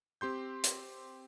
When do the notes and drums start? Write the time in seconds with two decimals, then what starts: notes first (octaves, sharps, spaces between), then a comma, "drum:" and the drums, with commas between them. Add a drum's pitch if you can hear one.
0.21 C4 G4 C6 G6
0.64 drum: hi-hat